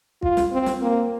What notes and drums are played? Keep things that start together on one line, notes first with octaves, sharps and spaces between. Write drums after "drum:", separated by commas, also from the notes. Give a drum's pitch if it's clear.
F4, drum: kick
drum: snare
C4
drum: snare
A#3